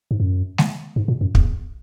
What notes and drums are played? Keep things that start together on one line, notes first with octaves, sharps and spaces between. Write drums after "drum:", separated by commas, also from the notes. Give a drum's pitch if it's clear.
G#2
F#2
drum: snare G#3
G#2
A#2
F#2
E2, drum: kick